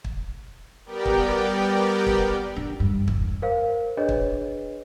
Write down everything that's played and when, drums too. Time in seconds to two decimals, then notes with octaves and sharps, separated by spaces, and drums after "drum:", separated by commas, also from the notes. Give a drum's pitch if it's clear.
0.04 drum: kick
0.85 G3 B3 G4 A#4 D5 G5
1.05 drum: kick
2.07 drum: kick
2.56 D4
2.80 G2
3.08 E2, drum: kick
3.42 A#4 C5 F5
3.97 D4 G#4 B4 C#5 D#5
4.09 drum: kick